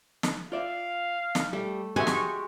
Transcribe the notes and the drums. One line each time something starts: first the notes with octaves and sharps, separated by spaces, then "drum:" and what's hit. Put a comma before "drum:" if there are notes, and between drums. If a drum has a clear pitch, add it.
drum: snare
F4 D5 E5 F5
drum: snare
G3 A3
G#3 F#4 G4 E5 F#5 G#5 C#6
drum: snare